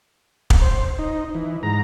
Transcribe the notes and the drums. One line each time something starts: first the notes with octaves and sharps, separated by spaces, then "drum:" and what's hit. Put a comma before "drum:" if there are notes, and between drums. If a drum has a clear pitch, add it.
drum: kick
C5
D#4
E3
G#2 A#5